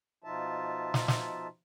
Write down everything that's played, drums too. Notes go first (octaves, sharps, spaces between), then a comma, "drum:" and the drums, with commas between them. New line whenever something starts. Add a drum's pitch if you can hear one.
B2 F3 D#4 F4 E5 A5
drum: snare
drum: snare